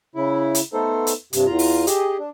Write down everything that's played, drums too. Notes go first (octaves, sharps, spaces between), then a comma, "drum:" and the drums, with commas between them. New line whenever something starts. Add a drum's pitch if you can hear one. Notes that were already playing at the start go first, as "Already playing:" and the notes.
C#3 E4
drum: hi-hat
A3 B3 D#4 A4 C5
drum: hi-hat
G2 C3, drum: hi-hat
E2 F4 A#5
drum: open hi-hat
G4 G#4 D#5, drum: hi-hat
D4